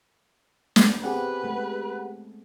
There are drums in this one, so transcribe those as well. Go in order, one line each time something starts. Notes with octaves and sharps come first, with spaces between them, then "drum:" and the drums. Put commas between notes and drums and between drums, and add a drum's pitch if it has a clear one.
drum: snare
B3 C4 G4 G#4 B4 C5 F#5
G#3 A3 A4